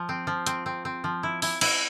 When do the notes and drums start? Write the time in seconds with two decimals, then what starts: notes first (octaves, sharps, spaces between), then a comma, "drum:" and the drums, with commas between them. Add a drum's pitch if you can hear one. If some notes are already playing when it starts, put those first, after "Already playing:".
Already playing: F3
0.09 C4
0.27 F3
0.47 C4, drum: hi-hat
0.66 C4
0.85 C4
1.04 F3
1.23 E4
1.42 E4, drum: open hi-hat
1.61 E4, drum: cymbal